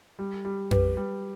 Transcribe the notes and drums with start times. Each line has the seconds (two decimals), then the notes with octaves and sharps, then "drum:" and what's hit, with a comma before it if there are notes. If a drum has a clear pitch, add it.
0.19 G3
0.45 G3
0.71 G4 B4, drum: tom F2
0.97 G3